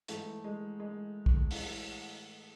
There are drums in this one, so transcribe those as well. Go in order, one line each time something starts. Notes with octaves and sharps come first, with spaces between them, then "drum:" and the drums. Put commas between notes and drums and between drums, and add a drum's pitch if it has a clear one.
G#2 E3 A3, drum: hi-hat
G#3
G#3
drum: kick A#1
A2 E3, drum: open hi-hat